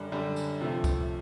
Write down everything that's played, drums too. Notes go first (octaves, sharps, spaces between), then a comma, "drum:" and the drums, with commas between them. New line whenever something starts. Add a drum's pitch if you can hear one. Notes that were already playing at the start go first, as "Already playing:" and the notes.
Already playing: F#2 D3 G3
F#2 D3 G3
drum: tambourine
C3 F3 A3
drum: kick C2, tambourine